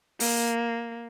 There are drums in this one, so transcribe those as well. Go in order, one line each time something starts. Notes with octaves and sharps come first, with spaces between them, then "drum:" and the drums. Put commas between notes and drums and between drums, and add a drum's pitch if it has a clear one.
A#3, drum: open hi-hat